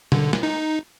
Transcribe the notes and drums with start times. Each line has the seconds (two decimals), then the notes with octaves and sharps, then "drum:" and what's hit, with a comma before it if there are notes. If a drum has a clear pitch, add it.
0.12 D3, drum: tom B2
0.33 drum: snare
0.43 D#4